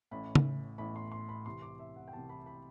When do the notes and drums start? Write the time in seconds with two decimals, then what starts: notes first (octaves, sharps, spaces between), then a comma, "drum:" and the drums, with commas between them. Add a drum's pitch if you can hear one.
0.11 A1 A2 E3 B5
0.35 drum: tom
0.78 A1 A2 E3 B5
0.96 C6
1.12 C6
1.29 B5
1.45 C2 C3 E3 C6
1.62 D6
1.79 E5
1.96 F#5
2.08 G5
2.13 C2 C3 E3 A5
2.29 B5
2.46 B5